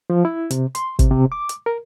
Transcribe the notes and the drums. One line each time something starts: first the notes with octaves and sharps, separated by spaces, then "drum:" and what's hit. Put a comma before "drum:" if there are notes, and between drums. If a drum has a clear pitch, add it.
F3
E4
C3, drum: hi-hat
C6, drum: hi-hat
C3, drum: kick, hi-hat
C3
D6
drum: hi-hat
A#4